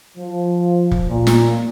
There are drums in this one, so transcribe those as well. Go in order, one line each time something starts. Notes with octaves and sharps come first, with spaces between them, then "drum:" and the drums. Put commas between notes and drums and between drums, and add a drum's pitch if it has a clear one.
F3
drum: kick
A#2
drum: snare